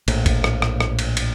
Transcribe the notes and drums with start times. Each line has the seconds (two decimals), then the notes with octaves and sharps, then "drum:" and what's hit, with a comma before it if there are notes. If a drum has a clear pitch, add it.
0.08 A#1 A2, drum: cymbal
0.26 drum: kick A1, cymbal
0.44 drum: rim click
0.62 drum: rim click
0.80 drum: rim click
0.99 drum: cymbal
1.17 drum: cymbal